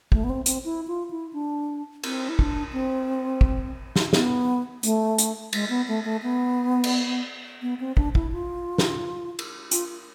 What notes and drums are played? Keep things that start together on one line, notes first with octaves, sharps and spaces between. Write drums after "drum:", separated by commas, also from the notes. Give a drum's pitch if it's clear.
A3, drum: kick
B3
C4
C4, drum: hi-hat
E4
F4
E4
D4
C4, drum: cymbal
E4
D4, drum: kick
C4
drum: kick
drum: snare
B3, drum: snare
A3, drum: hi-hat
drum: hi-hat
G#3, drum: cymbal
B3
A3
A3
B3
drum: cymbal
B3
C4
D4, drum: kick
E4, drum: kick
F4
drum: snare
drum: cymbal
F4, drum: hi-hat